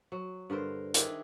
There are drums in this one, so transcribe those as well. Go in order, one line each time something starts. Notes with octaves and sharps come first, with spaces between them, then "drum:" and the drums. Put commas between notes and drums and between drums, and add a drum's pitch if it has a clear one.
F#3
G2 D3 A#4 C5
D#3 D4 E4 G#4, drum: hi-hat